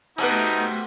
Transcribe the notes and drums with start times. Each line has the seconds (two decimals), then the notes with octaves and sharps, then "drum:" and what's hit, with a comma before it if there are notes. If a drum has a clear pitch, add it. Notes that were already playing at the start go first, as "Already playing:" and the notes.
0.18 C3 A3 B3 D#4 F#4 B4 F#5 A5, drum: cymbal